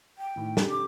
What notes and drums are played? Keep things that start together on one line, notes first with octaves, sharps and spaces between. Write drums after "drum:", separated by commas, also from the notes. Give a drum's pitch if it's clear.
G5
A2 D#3
C#4 G4 A4, drum: snare
D6